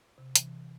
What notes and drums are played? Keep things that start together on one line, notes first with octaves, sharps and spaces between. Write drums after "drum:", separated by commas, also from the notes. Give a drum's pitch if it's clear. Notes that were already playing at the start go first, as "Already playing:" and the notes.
C3
E3, drum: hi-hat